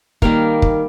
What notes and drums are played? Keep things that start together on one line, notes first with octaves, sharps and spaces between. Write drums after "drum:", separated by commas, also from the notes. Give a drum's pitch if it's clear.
D#3 G3 A#3 F5, drum: kick
drum: kick